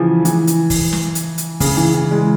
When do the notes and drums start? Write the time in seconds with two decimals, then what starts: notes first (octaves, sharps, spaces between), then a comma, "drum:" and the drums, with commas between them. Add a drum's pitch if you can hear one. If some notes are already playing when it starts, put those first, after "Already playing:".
Already playing: C#3 E3 F3
0.25 E3, drum: hi-hat
0.47 drum: hi-hat
0.70 drum: kick, open hi-hat
0.93 drum: snare
1.15 drum: hi-hat
1.38 drum: hi-hat
1.60 C#3, drum: kick, open hi-hat
1.77 E3
1.94 E3
2.11 G#3